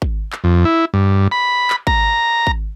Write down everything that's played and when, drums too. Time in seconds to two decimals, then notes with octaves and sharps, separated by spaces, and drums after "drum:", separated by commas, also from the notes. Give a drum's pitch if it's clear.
0.02 drum: kick
0.32 drum: clap
0.44 F2
0.65 E4
0.94 G2
1.31 B5
1.70 drum: clap
1.87 A#5, drum: kick
2.47 drum: kick